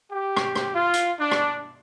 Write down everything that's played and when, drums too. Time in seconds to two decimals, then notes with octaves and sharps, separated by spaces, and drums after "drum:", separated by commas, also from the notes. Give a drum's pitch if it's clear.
0.12 G4
0.37 drum: rim click
0.55 drum: rim click
0.74 F4
0.93 drum: hi-hat
1.20 D4
1.31 drum: rim click